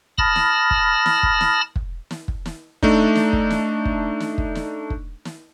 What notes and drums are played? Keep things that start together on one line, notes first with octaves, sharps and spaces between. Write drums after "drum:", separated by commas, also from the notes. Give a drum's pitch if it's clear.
A5 B5 D#6 F6 A6 A#6, drum: kick
drum: snare
drum: kick
drum: snare
drum: kick
drum: snare
drum: kick
drum: snare
drum: kick
drum: snare
A3 D4 D#4, drum: kick
drum: snare
drum: kick
drum: snare
drum: kick
drum: snare
drum: kick
drum: snare
drum: kick
drum: snare